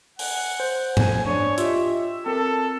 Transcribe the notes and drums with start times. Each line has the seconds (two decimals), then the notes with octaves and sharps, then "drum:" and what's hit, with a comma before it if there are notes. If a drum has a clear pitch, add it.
0.19 F#5 G#5, drum: open hi-hat
0.60 C5
0.97 G#5, drum: tom
1.26 D4 C#5 D5
1.58 F4 G4 D#5 E5, drum: hi-hat
2.26 C4 A4 A#4